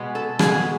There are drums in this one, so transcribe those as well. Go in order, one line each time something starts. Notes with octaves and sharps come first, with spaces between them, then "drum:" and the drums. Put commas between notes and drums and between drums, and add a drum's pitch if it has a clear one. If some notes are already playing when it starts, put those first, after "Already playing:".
Already playing: B2 G#3 B3
A4
B2 G#3 B3 G#4, drum: rim click